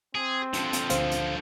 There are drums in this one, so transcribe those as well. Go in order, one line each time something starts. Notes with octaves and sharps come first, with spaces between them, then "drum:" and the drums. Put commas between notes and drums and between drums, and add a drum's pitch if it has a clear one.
C4 G#4
D3 F3, drum: hi-hat
drum: hi-hat
D2 C5 F5, drum: hi-hat
drum: hi-hat